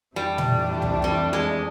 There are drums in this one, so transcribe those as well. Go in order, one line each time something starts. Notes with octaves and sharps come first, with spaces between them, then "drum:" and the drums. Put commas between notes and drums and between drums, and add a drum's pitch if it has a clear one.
F2 C3 E3 G3 A3 D4
drum: tom A#2
drum: tom C2
G3
G#3